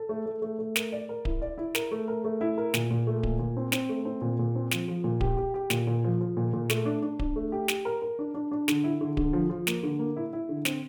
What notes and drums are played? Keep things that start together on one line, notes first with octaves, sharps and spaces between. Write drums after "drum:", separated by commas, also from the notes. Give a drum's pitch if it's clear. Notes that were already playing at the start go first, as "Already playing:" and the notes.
Already playing: A4
A3
A3
A3
A3
A#4, drum: snare
D5
A#4
E4, drum: kick D1
D5
E4
A#4, drum: snare
A3
A#4
A3
E4
A#4
A#2, drum: snare
A#2
A3
A#2, drum: kick D1
A#2
C4
C4, drum: snare
A3
C4
A#2
A#2
C4
F3, drum: snare
F3
A#2
G4, drum: kick D1
G4
G4
A#2, drum: snare
A#2
F3
F3
A#2
A#2
A3, drum: snare
D4
D4
D4, drum: kick D1
A3
G4
G4, drum: snare
A#4
A#4
D4
D4
D4
D3, drum: snare
E4
D3
D3, drum: kick D1
F3
F3
A#3, drum: snare
D3
A#3
E4
E4
D3
C4, drum: snare